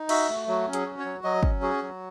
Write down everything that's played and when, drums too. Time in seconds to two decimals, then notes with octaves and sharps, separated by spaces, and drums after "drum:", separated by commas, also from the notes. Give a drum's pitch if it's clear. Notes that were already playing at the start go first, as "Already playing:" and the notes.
Already playing: D#4
0.09 F#4 E5, drum: cymbal
0.29 A3
0.48 F#3 F#4
0.67 C#4
0.73 G#4, drum: hi-hat
0.86 F#4
0.99 C#5
1.05 F#3
1.24 F#3 D#5
1.43 C#4, drum: kick
1.62 F#4 G#4
1.82 F#3